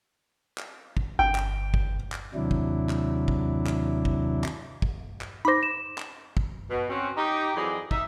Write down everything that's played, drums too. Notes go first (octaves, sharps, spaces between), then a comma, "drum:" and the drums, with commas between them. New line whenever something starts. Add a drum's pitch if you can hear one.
drum: clap
drum: kick
G1 G5
drum: clap
drum: kick
drum: clap
D#2 C3 F#3 D4 E4
drum: kick
drum: clap
drum: kick
drum: clap
drum: kick
drum: clap
drum: kick
drum: clap
D#4 C5 B5 D6 A#6
E7
drum: clap
drum: kick
B2
C4 C#4 F#4
D#4 G4
F2 E3 F#3 G#4 D5 D#5
D#4 E5, drum: kick